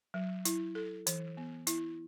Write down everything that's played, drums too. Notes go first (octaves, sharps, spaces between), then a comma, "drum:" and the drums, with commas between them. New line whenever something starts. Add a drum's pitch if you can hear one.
F#3
E4, drum: hi-hat
A4
E3, drum: hi-hat
B3
E4, drum: hi-hat